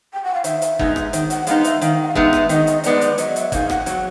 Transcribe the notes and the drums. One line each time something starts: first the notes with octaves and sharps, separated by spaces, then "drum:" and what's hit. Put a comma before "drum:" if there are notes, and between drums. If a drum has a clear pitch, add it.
G5
F#5
F5
D#3 E5, drum: hi-hat
drum: hi-hat
G#3 B3 D#4, drum: kick
drum: rim click
D#3, drum: hi-hat
F#5, drum: hi-hat
G#3 B3 D#4 F5, drum: hi-hat
E5, drum: hi-hat
D#3 F5, drum: hi-hat
F#5
F5
G#3 B3 D#4 E5, drum: kick
drum: rim click
D#3 D#5, drum: hi-hat
drum: hi-hat
G#3 B3 D#4 D5, drum: hi-hat
drum: hi-hat
F#3 D#5, drum: hi-hat
E5, drum: hi-hat
A#3 D#4 G#4 F5, drum: kick, hi-hat
F#5, drum: rim click
F#3 F#5, drum: hi-hat